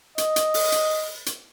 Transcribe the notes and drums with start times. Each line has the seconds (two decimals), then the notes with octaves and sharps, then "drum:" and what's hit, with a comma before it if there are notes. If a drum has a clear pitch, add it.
0.18 D#5, drum: hi-hat
0.36 drum: hi-hat
0.54 drum: open hi-hat
0.72 drum: hi-hat
1.26 drum: hi-hat